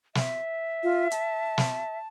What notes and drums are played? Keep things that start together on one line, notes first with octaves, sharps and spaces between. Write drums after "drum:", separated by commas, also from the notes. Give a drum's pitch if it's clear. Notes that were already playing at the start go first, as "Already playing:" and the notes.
E5, drum: snare
F4
A5, drum: hi-hat
drum: snare